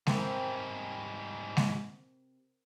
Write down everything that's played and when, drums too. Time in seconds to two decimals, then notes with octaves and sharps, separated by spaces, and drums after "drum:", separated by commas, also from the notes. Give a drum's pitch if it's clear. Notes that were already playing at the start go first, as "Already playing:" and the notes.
0.07 G#2 C3 G3 C4 A#4, drum: snare G#3
1.57 drum: snare G#3